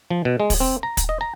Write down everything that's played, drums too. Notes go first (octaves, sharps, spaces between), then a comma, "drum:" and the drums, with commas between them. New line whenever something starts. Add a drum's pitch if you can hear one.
F3
B2
G#3
drum: kick, open hi-hat
C4
A#5
drum: kick, hi-hat
D#5
A#5